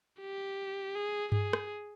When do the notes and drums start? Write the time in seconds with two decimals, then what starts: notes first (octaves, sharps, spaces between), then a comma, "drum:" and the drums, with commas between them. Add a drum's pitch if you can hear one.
0.20 G4
0.95 G#4
1.32 G#4, drum: tom G2
1.53 drum: rim click